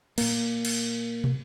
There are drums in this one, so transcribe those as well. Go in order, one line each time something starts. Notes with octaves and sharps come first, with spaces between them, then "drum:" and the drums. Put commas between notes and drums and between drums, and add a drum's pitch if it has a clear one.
A#2 A#3, drum: cymbal
drum: cymbal
drum: tom